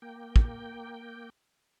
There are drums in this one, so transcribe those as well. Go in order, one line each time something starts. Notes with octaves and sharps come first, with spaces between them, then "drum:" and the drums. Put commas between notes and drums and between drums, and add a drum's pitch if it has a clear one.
A#3 G5
drum: kick